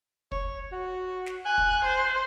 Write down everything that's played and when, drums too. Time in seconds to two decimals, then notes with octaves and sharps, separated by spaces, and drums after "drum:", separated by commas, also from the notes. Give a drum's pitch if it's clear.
0.32 C#5, drum: kick
0.72 F#4
1.26 drum: snare
1.45 G#5 F#6
1.58 drum: kick
1.85 C5